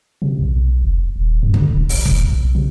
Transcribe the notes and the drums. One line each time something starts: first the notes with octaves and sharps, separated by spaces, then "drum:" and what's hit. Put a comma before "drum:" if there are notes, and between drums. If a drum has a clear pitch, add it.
C3
B1
F1
D#1
F#2
D3, drum: kick
D1
A1, drum: open hi-hat
F1, drum: kick
B1
C3